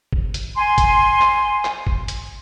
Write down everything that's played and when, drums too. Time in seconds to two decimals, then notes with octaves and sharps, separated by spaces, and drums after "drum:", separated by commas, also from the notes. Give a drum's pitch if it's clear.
0.13 drum: kick
0.34 drum: hi-hat
0.56 G#5 C6
0.78 drum: kick, hi-hat
1.21 drum: clap
1.65 drum: clap
1.87 drum: kick
2.08 drum: hi-hat